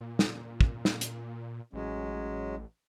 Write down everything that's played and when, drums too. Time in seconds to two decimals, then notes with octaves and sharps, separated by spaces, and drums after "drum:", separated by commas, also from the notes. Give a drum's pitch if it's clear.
0.01 A#2
0.19 drum: snare
0.61 drum: kick
0.85 drum: snare
1.01 drum: hi-hat
1.73 A1 F#3 G#3 C#4